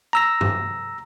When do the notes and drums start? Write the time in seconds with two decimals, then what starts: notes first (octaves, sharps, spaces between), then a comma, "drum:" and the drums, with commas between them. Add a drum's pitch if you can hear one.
0.13 A#5 E6 A#6
0.41 drum: tom G2